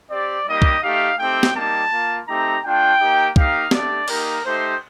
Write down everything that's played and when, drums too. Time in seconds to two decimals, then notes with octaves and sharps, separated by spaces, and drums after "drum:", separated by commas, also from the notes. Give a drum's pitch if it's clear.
0.09 C4 G4 D5
0.45 G3 A#3 D#4 G4 D#5
0.62 drum: kick
0.82 A3 D#4 G4 F5
1.18 A3 C4 D#4 G4 G5
1.43 drum: snare
1.54 G3 A#3 D#4 G4 A5
1.91 A#3 F4
2.26 A3 C4 D#4 G4 A#5
2.63 A3 D4 F4 G5
2.99 A#3 D#4 G4
3.36 A#3 D#4 G4 F5, drum: kick
3.71 A3 D4 G4 D5, drum: snare
4.08 A#3 D#4 G4 A#4, drum: cymbal
4.44 A3 D#4 G4 C5